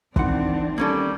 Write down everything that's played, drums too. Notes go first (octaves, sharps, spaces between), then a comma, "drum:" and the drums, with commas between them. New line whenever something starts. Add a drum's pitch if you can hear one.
D#3 E3 C4 D4 F#5 C6, drum: kick
G3 A#3 C#4 A4